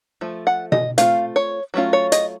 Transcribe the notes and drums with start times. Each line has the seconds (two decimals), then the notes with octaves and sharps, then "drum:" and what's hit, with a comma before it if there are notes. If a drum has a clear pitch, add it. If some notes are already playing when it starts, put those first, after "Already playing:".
0.21 F3 A3
0.47 F#5
0.72 D#5, drum: tom B2
0.98 A3 C4 F4 F5, drum: hi-hat
1.36 C#5
1.74 F#3 A3 C#4 F4
1.93 C#5
2.12 D#5, drum: hi-hat